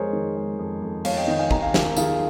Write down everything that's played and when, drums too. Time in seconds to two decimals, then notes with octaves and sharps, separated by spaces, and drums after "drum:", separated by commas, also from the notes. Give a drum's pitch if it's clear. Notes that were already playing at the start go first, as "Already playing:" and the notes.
Already playing: F2 G#3 G#4 A#4 C5 C#5
0.13 D#3
0.36 G#3
0.59 F2
0.82 F2
1.05 F2 C#5 F5, drum: cymbal
1.17 D#5 G5
1.28 D#3 D#5 G5
1.39 F5 G#5
1.51 D#2 G5 A#5, drum: kick
1.62 F5 G#5
1.74 D#3 G4 A#4, drum: snare
1.97 D#3 F4 G#4, drum: tambourine